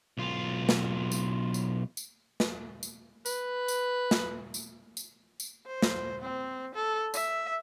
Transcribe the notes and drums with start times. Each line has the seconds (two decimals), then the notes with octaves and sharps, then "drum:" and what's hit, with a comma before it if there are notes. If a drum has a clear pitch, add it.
0.17 B1 F4
0.69 drum: snare
1.12 drum: tambourine
1.54 drum: tambourine
1.97 drum: tambourine
2.40 drum: snare
2.83 drum: tambourine
3.26 B4, drum: tambourine
3.68 drum: tambourine
4.11 drum: snare
4.54 drum: tambourine
4.97 drum: tambourine
5.40 drum: tambourine
5.66 C5
5.82 drum: snare
6.22 C4
6.75 A4
7.14 E5, drum: tambourine